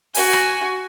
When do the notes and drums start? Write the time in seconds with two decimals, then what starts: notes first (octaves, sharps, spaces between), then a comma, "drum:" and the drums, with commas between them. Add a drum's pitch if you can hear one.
0.14 F#4 G#5, drum: open hi-hat
0.33 drum: rim click